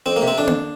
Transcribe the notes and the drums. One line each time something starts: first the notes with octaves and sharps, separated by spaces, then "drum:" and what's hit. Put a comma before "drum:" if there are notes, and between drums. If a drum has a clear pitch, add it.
F2 C4
A#3
C3
C4
F2 D4
drum: tom A#3